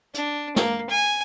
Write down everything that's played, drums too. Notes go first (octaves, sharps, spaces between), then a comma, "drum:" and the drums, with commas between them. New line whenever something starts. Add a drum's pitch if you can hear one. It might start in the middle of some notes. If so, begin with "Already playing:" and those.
D4, drum: hi-hat
A#3, drum: snare
G#5